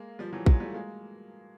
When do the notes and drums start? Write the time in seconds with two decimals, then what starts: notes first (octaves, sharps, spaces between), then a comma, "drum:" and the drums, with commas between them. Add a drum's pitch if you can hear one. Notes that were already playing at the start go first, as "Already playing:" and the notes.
Already playing: G#3 A#3
0.19 F3 G3
0.33 E3 F#3
0.46 F#3 G#3, drum: kick
0.60 G3 A3
0.74 G#3 A#3